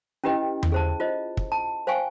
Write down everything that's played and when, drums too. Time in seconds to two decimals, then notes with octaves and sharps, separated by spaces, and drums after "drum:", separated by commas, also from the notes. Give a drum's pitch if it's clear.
0.24 C#4 E4 G4 B4 D#5 G5
0.63 drum: tom E2
0.72 G#4 C5 A5
1.00 F4 C5 D#5
1.37 drum: kick
1.52 A5
1.87 C5 F5 G5 G#5 C#6